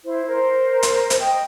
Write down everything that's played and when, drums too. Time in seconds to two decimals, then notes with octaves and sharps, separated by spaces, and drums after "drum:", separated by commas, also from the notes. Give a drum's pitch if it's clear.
0.04 E4 C5
0.28 A#4 C5
0.83 drum: hi-hat
1.10 drum: hi-hat
1.20 D#5 G5